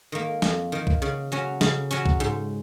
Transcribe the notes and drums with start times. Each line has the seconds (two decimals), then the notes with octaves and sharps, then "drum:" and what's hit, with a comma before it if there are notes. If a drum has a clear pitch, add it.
0.12 D#3 A#3
0.42 F2, drum: snare
0.72 D#3 A#3
0.87 drum: kick B1
1.02 C#3
1.32 F#3 C#4
1.61 C#3, drum: snare
1.91 F#3 C#4
2.06 drum: kick B1
2.20 G#2